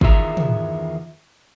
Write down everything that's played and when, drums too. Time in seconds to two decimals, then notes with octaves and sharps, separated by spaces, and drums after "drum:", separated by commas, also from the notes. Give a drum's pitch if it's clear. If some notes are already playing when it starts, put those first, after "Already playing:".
0.01 E2 D#3 F4 G#4 E5 A#5, drum: kick
0.37 drum: tom